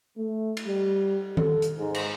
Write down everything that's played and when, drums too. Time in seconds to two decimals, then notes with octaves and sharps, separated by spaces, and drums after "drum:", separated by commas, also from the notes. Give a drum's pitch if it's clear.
0.18 A3
0.57 drum: cymbal
0.67 G3
1.37 A4, drum: tom D#3
1.62 drum: hi-hat
1.79 G#2
1.94 drum: cymbal